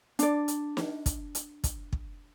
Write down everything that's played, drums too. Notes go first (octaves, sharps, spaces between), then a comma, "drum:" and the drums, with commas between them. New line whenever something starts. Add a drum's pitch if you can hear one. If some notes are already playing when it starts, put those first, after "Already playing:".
D4 D5, drum: hi-hat
drum: hi-hat
drum: snare
drum: kick, hi-hat
drum: hi-hat
drum: kick, hi-hat
drum: kick